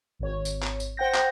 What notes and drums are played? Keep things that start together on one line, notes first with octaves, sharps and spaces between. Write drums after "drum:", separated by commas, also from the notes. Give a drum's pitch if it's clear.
G#1 C#5
drum: tambourine
drum: clap
drum: tambourine
C5 F#5 G5 G6 A#6
drum: clap